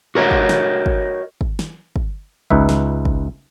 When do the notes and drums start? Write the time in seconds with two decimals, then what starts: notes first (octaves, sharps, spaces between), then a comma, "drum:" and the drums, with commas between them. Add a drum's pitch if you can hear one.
0.15 F#4 A#4 C#5 D#5
0.31 drum: kick
0.49 drum: snare
0.86 drum: kick
1.41 drum: kick
1.59 drum: snare
1.96 drum: kick
2.50 C#2 D#4 B4 E5, drum: kick
2.69 drum: snare
3.05 drum: kick